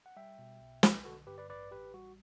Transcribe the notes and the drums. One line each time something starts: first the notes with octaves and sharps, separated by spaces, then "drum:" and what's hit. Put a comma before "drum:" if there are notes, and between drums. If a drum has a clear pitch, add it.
F#5
G3 E5 G5
B2
B1
B1, drum: snare
B4
D3 F#4 A4
G2 G4 B4
B4 D5
A1 B4 D5
A1 G4 B4
G3 F#4